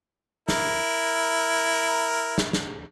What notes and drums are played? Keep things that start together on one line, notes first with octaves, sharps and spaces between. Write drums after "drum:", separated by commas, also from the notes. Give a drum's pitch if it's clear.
E4 A#4, drum: snare
drum: snare
drum: snare